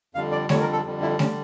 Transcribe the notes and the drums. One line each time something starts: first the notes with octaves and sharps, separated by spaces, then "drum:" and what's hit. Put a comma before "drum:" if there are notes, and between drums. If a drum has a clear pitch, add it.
F2 D3 G3 F5
D5
F2 D3 G3 C#5, drum: snare A3
A#4
A4
F2 D3 G3
E4
D3 G3 C#4, drum: snare A3